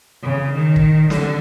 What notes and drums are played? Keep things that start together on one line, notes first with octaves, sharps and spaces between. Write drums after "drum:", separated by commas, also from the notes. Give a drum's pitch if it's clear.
C#3
D#3
drum: kick
D3, drum: snare